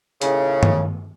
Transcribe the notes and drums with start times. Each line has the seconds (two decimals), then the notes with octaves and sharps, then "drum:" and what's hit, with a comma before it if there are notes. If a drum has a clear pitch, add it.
0.22 D#2 A2 C#3, drum: hi-hat
0.63 drum: tom